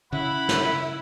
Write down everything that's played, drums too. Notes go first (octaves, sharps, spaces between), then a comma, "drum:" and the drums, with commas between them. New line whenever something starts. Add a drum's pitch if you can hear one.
C#3 E4 F#5 B5
drum: snare